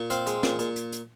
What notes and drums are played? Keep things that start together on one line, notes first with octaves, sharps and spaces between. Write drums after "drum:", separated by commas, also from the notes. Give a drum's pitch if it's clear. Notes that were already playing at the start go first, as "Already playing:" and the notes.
Already playing: A#2
C4 F5, drum: hi-hat
G#3, drum: hi-hat
A#2, drum: snare
A#2, drum: hi-hat
drum: hi-hat
drum: hi-hat